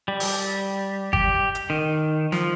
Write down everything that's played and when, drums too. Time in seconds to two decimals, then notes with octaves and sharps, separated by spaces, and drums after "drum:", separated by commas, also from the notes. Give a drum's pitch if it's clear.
0.08 G3
0.20 drum: open hi-hat
1.13 G4, drum: kick G#1
1.55 drum: hi-hat
1.70 D#3
2.32 F3, drum: snare